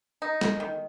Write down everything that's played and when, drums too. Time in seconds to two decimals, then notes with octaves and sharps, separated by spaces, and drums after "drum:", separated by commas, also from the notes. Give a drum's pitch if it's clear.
0.22 D#4
0.41 drum: snare
0.60 D#3